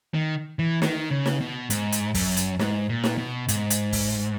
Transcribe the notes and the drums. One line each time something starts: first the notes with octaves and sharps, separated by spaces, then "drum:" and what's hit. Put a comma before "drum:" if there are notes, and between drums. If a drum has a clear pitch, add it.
D#3
E3
D#3, drum: snare
C#3
drum: snare
B2
G#2, drum: hi-hat
drum: hi-hat
F#2, drum: kick, open hi-hat
drum: hi-hat
G#2, drum: snare
A#2
drum: snare
B2
G#2, drum: hi-hat
drum: hi-hat
drum: kick, open hi-hat